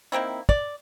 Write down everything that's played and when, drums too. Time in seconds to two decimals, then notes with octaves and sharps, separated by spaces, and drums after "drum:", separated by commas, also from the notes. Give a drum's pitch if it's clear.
0.12 D#3 A#3 C4 E4
0.49 D5, drum: kick